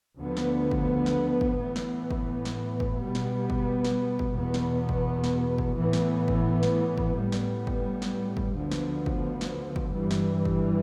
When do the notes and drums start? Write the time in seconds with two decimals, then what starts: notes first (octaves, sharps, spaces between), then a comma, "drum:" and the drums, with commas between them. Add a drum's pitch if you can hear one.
0.19 D2 D3 F3 B3
0.37 drum: snare
0.71 drum: kick
1.06 drum: snare
1.41 drum: kick
1.58 A2 E3 B3
1.76 drum: snare
2.11 drum: kick
2.45 drum: snare
2.80 drum: kick
2.98 B2 G3 B3
3.15 drum: snare
3.50 drum: kick
3.84 drum: snare
4.19 drum: kick
4.37 E2 B2 B3
4.54 drum: snare
4.89 drum: kick
5.24 drum: snare
5.58 drum: kick
5.76 A2 E3 B3
5.93 drum: snare
6.28 drum: kick
6.63 drum: snare
6.98 drum: kick
7.14 A2 G3 B3
7.32 drum: snare
7.67 drum: kick
8.02 drum: snare
8.37 drum: kick
8.55 D2 D3 F3 B3
8.71 drum: snare
9.06 drum: kick
9.41 drum: snare
9.76 drum: kick
9.93 G2 E3 G3
10.11 drum: snare
10.45 drum: kick